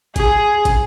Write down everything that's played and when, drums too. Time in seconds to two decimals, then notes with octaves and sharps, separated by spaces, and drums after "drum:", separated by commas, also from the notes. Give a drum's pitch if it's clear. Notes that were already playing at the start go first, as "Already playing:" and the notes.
0.16 G#4, drum: kick, hi-hat
0.65 drum: kick, hi-hat